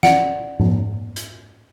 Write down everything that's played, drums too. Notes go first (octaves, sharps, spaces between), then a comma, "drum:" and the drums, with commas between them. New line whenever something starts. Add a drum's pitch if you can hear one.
D5 F#5 D7, drum: snare
drum: tom G#2
drum: hi-hat